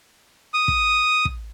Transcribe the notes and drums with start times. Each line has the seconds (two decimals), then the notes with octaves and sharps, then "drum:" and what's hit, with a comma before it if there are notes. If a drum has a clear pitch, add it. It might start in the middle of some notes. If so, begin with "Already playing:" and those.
0.54 D#6
0.68 drum: kick
1.25 drum: kick